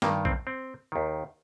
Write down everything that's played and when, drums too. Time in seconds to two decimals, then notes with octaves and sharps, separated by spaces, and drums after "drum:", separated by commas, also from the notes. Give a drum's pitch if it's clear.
0.02 G2 D#3 A#3, drum: snare
0.25 C4, drum: kick
0.47 C4
0.92 D#2 D#3